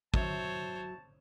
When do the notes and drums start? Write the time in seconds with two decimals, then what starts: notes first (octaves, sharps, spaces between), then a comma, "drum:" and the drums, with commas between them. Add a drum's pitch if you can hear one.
0.14 F#3 C5 C#5 E5 A5, drum: kick